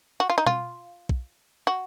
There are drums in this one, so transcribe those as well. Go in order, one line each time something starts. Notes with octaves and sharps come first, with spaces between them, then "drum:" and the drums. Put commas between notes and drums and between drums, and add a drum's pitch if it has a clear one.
F#4
F4
D#4
F4, drum: tom B2
drum: kick
F#4